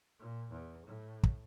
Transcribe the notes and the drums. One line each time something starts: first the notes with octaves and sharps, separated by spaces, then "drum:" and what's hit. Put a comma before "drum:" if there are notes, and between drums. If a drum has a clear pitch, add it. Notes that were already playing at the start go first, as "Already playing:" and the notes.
A#2
E2
A2
drum: kick